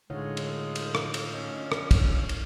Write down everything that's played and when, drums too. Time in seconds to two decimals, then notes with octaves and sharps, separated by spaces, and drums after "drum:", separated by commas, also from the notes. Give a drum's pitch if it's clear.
0.10 A2 D3 G#3 D#4 F4 C#5 F#5
0.37 drum: cymbal
0.75 drum: cymbal
0.95 drum: rim click
1.14 drum: cymbal
1.33 C#4 D#5
1.56 D4 F4
1.72 drum: rim click
1.91 drum: kick, cymbal
2.29 drum: cymbal